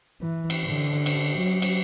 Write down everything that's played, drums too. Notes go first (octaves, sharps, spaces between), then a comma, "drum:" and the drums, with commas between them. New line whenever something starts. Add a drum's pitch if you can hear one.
E3
drum: cymbal
D3
drum: cymbal
F#3
drum: cymbal